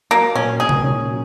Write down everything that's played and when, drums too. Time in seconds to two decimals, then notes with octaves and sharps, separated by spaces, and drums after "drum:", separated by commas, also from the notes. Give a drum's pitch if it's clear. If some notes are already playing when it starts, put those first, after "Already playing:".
0.11 F#3 A#3
0.35 A#2 C#4
0.60 A#2 G#4
0.69 drum: tom C3
0.84 C#4
1.09 F#3